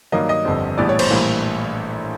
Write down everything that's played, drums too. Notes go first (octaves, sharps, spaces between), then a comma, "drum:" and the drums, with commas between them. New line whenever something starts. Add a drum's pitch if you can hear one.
G2 D#3 F#3 A#3 D#5
D#5
G1 F2 D3 G3 C4
A#1 A2 E3 G3 B3 D5
C#5
C5, drum: cymbal
A#1 A2 E3 G3 A#3